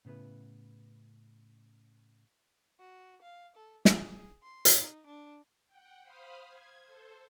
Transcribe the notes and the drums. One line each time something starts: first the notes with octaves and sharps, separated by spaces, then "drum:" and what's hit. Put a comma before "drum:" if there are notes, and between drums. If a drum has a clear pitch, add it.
A2 C#3 B3 E4 B4
F#4
F5
A4
G#4, drum: snare
C6
drum: hi-hat
D#4
D4
F#5 G5
C5 F5 B5 D#6 F6
G#6
A4 C5